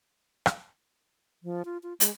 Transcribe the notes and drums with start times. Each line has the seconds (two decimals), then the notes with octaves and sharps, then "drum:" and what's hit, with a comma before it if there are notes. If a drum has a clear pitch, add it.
0.46 drum: rim click
1.43 F3
1.65 F4
1.83 F4
2.00 G#3, drum: hi-hat